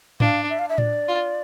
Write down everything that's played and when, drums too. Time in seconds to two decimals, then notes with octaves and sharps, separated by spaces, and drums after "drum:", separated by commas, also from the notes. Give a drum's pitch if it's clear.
0.20 D4 F5, drum: tom G#2
0.50 E5
0.59 F5
0.69 E5
0.78 D5, drum: tom A2
1.08 F4